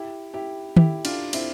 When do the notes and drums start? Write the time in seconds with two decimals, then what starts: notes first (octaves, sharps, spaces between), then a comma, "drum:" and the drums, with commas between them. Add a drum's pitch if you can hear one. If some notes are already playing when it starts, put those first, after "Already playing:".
Already playing: E4 G4
0.34 E4 G4
0.77 E4 G4, drum: tom D#3
1.05 D4 F4, drum: cymbal
1.33 C4 E4, drum: cymbal